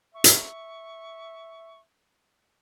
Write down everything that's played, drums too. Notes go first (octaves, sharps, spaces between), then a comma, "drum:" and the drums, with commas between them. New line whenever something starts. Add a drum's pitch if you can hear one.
E5 C#6
drum: hi-hat